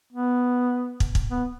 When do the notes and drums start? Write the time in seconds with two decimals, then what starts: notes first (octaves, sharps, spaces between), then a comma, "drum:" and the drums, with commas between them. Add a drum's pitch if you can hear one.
0.13 B3
1.00 drum: kick
1.15 drum: kick
1.30 B3